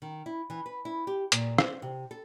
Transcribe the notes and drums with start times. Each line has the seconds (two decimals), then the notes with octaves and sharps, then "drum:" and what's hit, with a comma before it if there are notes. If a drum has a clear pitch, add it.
0.02 D#3
0.26 E4
0.50 E3
0.66 B4
0.85 E4
1.07 G4
1.32 A#2, drum: hi-hat
1.58 C5, drum: rim click
1.82 C3
2.11 A4